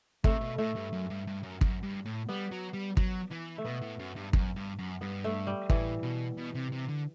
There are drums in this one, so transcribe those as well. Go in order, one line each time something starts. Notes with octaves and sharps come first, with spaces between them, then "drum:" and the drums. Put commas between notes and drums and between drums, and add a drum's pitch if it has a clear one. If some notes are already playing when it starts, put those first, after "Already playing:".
C3 A3, drum: kick
B2
A2 A3
G2
F#2
G2
G2
F#2
F#2, drum: kick
G2
A2
G3 B3
F#3
G3
F#3, drum: kick
E3
A3
B2 B3
A2
F#2
G2
F#2, drum: kick
G2
F#2
G2 B3
A3
G3
A2 E3, drum: kick
B2
B2
C3
C3
D3